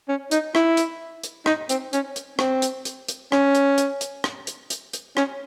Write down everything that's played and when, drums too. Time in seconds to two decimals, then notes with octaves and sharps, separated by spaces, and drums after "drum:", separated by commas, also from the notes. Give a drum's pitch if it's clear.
0.08 C#4
0.31 D#4, drum: hi-hat
0.55 E4, drum: rim click
0.77 drum: hi-hat
1.23 drum: hi-hat
1.46 D#4, drum: rim click
1.69 C4, drum: hi-hat
1.93 C#4, drum: hi-hat
2.16 drum: hi-hat
2.39 C4, drum: rim click
2.62 drum: hi-hat
2.85 drum: hi-hat
3.08 drum: hi-hat
3.32 C#4, drum: rim click
3.55 drum: hi-hat
3.78 drum: hi-hat
4.01 drum: hi-hat
4.24 drum: rim click
4.47 drum: hi-hat
4.70 drum: hi-hat
4.93 drum: hi-hat
5.17 C#4, drum: rim click